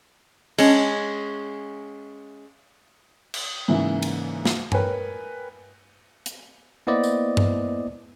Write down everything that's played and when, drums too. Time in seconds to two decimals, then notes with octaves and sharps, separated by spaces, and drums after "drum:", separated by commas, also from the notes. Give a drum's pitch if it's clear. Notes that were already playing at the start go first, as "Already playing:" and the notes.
0.58 G#3 C#4, drum: cymbal
3.34 drum: cymbal
3.68 G#2 C#3 E3 A#3 E4
4.02 drum: cymbal
4.45 drum: snare
4.72 A#4 B4 C#5 G5 G#5, drum: tom G2
6.26 drum: hi-hat
6.87 A#3 B3 E4 C5 D5 D#5
7.03 drum: tambourine
7.37 drum: tom G2